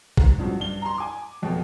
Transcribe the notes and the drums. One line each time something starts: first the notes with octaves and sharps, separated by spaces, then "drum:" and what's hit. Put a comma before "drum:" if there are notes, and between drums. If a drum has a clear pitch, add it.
G#2, drum: kick A1
G2 C#3 F3 F#3
G2 G7
A#5 C6
G#5 D6
F#1 F2 B2